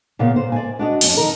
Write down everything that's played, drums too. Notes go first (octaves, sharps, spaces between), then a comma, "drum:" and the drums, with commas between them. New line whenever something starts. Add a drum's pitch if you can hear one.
A#2 C#3 B3 F5
C5
D5 G#5
D4 F#4 D#5
F2 C#4, drum: open hi-hat
D#3 A#4